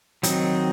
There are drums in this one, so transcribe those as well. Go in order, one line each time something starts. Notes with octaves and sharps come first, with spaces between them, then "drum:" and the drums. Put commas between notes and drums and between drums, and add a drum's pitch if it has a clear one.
D#3 F#3 C4 D#4, drum: hi-hat